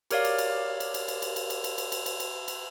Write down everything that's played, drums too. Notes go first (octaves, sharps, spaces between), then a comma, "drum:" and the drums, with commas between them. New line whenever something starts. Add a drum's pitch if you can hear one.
G4 A#4 C#5 D5 F5, drum: cymbal
drum: cymbal
drum: cymbal
drum: cymbal
drum: cymbal
drum: cymbal
drum: cymbal
drum: cymbal
drum: cymbal
drum: cymbal
drum: cymbal
drum: cymbal
drum: cymbal
drum: cymbal
drum: cymbal